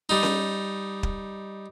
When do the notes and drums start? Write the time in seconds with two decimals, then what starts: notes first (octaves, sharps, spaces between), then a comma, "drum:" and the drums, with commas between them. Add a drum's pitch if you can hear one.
0.09 G3 D#4
0.23 drum: snare C#4
1.03 drum: kick